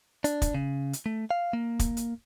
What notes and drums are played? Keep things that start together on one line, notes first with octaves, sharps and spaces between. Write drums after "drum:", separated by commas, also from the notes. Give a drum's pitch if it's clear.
D4, drum: hi-hat
drum: kick, hi-hat
C#3
drum: hi-hat
A3
F5
A#3
drum: kick, hi-hat
drum: hi-hat